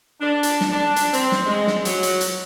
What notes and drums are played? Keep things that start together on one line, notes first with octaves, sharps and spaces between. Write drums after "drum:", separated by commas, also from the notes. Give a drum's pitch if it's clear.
D4
drum: hi-hat
drum: snare
D4
drum: hi-hat
C4, drum: hi-hat
drum: snare
G#3
drum: snare
F#3, drum: hi-hat
drum: hi-hat
drum: hi-hat